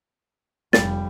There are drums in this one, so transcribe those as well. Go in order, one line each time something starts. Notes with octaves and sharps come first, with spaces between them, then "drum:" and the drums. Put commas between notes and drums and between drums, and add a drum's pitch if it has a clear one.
F1 G3 A6, drum: snare